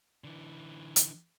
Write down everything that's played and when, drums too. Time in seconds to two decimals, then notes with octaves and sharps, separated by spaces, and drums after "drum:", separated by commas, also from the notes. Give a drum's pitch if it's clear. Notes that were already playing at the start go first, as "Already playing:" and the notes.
0.24 D3 E3
0.96 drum: hi-hat